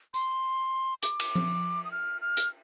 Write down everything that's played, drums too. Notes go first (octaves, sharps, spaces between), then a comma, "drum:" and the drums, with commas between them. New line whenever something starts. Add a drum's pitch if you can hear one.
C6, drum: tambourine
D6, drum: hi-hat
drum: cymbal
drum: tom F3
D#6
F6
F6
drum: hi-hat